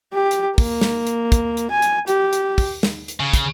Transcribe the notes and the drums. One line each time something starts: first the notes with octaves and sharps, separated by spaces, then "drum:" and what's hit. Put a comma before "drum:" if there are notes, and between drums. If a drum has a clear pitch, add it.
G4
drum: hi-hat
A#3, drum: kick, open hi-hat
drum: snare
drum: hi-hat
drum: kick, hi-hat
drum: hi-hat
G#5
drum: hi-hat
G4, drum: hi-hat
drum: hi-hat
drum: kick, open hi-hat
drum: snare
drum: hi-hat
C#3
drum: kick, hi-hat